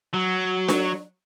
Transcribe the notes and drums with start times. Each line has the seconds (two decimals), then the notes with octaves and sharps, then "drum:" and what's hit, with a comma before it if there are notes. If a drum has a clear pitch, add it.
0.14 F#3
0.69 drum: snare D4